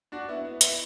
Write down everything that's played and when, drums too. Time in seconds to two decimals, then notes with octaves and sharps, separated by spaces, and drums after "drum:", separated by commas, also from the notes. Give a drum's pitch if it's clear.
0.12 D4 F#4
0.28 B3 E4
0.45 B3
0.61 B3 E4, drum: hi-hat